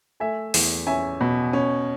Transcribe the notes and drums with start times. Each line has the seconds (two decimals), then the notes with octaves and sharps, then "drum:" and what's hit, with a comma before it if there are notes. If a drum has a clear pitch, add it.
0.20 A3 E5 G#5
0.54 E2, drum: open hi-hat
0.87 C#4 E5 G#5
1.21 B2
1.53 C#4